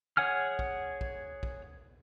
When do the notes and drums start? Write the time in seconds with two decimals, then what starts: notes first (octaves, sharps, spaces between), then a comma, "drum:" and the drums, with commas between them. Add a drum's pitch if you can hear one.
0.17 G#4 C#5 F#5 G#5 F6
0.59 drum: kick
1.01 drum: kick
1.43 drum: kick